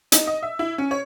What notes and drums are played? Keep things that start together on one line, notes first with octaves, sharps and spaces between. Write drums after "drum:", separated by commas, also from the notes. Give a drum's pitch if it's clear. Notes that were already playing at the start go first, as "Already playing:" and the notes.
D#4, drum: hi-hat
D#5
E5
E4
C#4
C#5